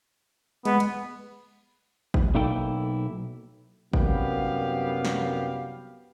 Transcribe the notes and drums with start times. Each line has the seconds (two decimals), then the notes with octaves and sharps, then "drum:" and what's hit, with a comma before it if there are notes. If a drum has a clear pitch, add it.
0.65 G#3 B3, drum: cymbal
0.80 drum: cymbal
2.14 drum: kick G#1
2.35 B1 A#3 D#4 E4 A4 G5
3.93 C2 F#2 B3 G4 F5, drum: kick G#1
5.05 drum: snare